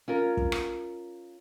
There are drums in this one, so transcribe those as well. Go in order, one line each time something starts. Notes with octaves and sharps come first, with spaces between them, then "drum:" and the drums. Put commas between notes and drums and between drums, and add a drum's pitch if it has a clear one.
C#4 F4 A#4
drum: kick
drum: rim click